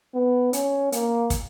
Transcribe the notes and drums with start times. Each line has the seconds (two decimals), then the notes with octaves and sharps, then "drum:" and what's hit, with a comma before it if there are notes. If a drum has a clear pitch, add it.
0.14 B3
0.53 C#4, drum: hi-hat
0.92 A#3, drum: hi-hat
1.30 drum: kick, hi-hat